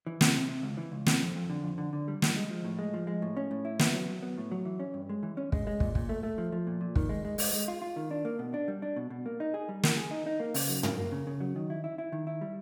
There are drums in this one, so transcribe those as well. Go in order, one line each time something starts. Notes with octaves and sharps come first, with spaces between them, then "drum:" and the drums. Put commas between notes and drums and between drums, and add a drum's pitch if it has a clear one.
E3
C3, drum: snare
C3
C3
C#2
E3
C#2
C3, drum: snare
F2
F2
D3
F2
D3
D3
G3
G3, drum: snare
G#3
F3
A2
G#3
F3
G#3
A2
C#4
A2
E4
B3, drum: snare
F#3
F#3
B3
A2
F#3
E3
C#4
G2
G#3
E3
C#4
G#3, drum: kick
G#3
A#2, drum: kick
A#2, drum: kick
A3
A3
F3
F3
A#2
A#2
D#3, drum: kick
G#3
G#3
G#3, drum: open hi-hat
G#3
F4
F4
D#3
D4
A#3
B2
D4
G3
D4
B2
B2
A#3
D#4
G#4
G3
A#3, drum: snare
G#4
D#4
D#4
A#3
C#3, drum: open hi-hat
F#3
A#3, drum: tom
A#3
C#3
C#3
F#3
D#3
E4
E4
E4
D#3
E4
G3